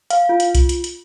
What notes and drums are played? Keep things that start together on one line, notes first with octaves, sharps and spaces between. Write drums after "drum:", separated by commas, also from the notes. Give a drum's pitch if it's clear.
F5, drum: hi-hat
F4
drum: hi-hat
drum: kick B1, hi-hat
drum: hi-hat
drum: hi-hat